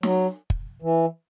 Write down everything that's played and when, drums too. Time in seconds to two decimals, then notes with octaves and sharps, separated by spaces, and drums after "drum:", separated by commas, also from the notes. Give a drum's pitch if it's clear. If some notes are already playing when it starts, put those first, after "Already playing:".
0.03 F#3, drum: snare
0.50 drum: kick
0.82 E3